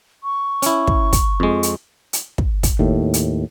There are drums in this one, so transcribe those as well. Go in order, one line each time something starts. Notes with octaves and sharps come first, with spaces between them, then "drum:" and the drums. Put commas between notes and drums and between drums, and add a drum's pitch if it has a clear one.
C#6
C#4 E4, drum: hi-hat
drum: kick
drum: kick, hi-hat
F2 G#3
drum: hi-hat
drum: hi-hat
drum: kick
drum: kick, hi-hat
D#2 A2
drum: hi-hat